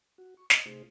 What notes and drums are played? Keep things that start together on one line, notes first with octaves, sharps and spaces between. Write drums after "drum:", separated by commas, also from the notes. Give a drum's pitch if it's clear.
F#4
C#6
D#5 C6 D#6, drum: snare
C3 A3 D#4 F4 G#4 C5